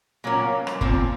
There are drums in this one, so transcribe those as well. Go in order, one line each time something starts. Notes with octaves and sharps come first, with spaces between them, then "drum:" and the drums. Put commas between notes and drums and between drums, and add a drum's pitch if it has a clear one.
A#2 F#3 A#3 C#4
drum: rim click
A#2 F3 C4, drum: kick